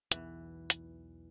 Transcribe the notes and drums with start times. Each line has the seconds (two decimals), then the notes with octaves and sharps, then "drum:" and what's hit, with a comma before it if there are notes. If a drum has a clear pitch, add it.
0.12 B1 E2 E3 B3, drum: hi-hat
0.70 drum: hi-hat